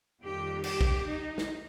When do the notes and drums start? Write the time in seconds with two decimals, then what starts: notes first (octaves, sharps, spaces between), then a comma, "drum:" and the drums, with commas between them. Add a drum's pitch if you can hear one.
0.23 F2 D#3 G3 A#3 G4
0.64 G4, drum: cymbal
0.81 drum: kick
1.05 D#4
1.38 drum: snare